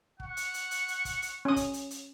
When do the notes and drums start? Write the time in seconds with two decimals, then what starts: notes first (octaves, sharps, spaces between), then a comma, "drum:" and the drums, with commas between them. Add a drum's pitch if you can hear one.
0.20 F#5 C#6, drum: kick
0.37 drum: hi-hat
0.54 drum: hi-hat
0.71 drum: hi-hat
0.88 drum: hi-hat
1.05 drum: kick, hi-hat
1.22 drum: hi-hat
1.45 C#4 D#6
1.56 drum: kick, hi-hat
1.73 drum: hi-hat
1.91 drum: hi-hat